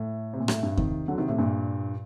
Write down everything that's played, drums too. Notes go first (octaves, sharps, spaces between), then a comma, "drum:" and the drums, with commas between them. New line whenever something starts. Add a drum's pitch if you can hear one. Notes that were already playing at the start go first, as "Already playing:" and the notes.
Already playing: A2
C3
A#2
A2, drum: rim click
G2
C3 D#3, drum: kick E2
D3 F#3
C3 D#3
A2 C3
G2 A#2